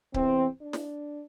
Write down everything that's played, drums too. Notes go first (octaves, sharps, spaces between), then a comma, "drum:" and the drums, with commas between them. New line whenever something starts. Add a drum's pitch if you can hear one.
E2 C3 E3 C4, drum: kick C#1
D4
drum: snare